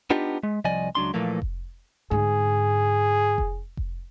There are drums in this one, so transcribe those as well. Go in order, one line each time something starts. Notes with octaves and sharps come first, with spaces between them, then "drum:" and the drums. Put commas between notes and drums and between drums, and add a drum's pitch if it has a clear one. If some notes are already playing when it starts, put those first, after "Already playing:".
B3 D4 D#4 F4 G4
G#3
C2 F3 D5 D#5 G#5
C#2 F#3 D4 C6
A#2 E3 F3 A3 A#3
drum: kick F1
G#2 D3 G#4
drum: kick F1
drum: kick F1